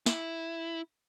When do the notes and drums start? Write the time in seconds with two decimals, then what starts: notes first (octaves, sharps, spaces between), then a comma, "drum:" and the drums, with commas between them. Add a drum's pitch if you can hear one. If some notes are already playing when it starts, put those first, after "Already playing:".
0.06 E4, drum: snare